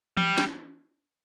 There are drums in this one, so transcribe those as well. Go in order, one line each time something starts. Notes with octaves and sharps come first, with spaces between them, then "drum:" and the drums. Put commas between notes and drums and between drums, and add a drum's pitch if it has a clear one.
G3, drum: tom E3
drum: snare